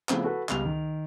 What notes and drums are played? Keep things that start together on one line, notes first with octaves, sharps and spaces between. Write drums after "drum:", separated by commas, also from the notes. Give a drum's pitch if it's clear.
C#3 F3 A3 B3 C4 E4, drum: clap
F#4 A4 B4
C#2 G3 B3 F7, drum: clap
D#3